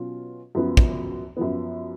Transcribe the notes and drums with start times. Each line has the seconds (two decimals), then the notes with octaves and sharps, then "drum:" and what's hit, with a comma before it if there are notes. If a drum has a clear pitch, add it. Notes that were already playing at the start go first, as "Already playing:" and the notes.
Already playing: B2 F#3 C#4 F4
0.55 F#2 F3 B3
0.77 drum: kick
1.37 F#2 F3 B3